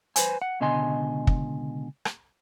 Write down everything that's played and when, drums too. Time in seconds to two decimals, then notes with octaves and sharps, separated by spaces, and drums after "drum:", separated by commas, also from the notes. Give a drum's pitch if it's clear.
0.16 B4 C5 G#5, drum: hi-hat
0.42 F#5
0.60 C#2 B2 D3 D#5 G#5 C6
1.27 drum: kick
2.05 drum: rim click